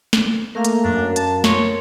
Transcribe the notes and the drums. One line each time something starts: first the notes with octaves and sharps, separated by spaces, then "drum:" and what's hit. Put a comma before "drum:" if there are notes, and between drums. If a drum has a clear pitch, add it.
drum: snare
A3 A#3 A#4 F5 A#5
drum: hi-hat
F#2 D4
A5, drum: hi-hat
A#4 C#5 C6, drum: snare